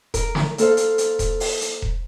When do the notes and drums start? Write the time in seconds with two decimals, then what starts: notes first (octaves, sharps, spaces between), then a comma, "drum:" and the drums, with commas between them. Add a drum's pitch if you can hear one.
0.14 A#4, drum: kick E1, hi-hat
0.35 drum: snare
0.58 A#3 A4 C5 F5, drum: hi-hat
0.77 drum: hi-hat
0.98 drum: hi-hat
1.19 drum: kick E1, hi-hat
1.40 drum: open hi-hat
1.61 drum: hi-hat
1.82 drum: kick E1